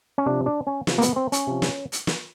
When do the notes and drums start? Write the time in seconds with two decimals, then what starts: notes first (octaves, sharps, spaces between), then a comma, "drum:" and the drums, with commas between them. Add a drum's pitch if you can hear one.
0.18 C#4
0.26 C3 F3 D4
0.46 D4
0.67 C#4
0.87 C3 F3, drum: snare
0.98 A#3
1.02 B3, drum: hi-hat
1.16 C4
1.32 C#4, drum: hi-hat
1.47 C3 F3
1.62 drum: snare
1.92 drum: hi-hat
2.07 drum: snare